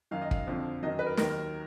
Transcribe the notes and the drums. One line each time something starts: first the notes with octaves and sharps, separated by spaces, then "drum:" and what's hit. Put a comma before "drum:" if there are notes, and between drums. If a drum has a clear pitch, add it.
F#2 D#3 F#3 F5
D#5
F5, drum: kick
F2 D3 F3
F#2 D#3 F#3 D#5
B4
A#4
D#2 D#3 F#3 A#4, drum: snare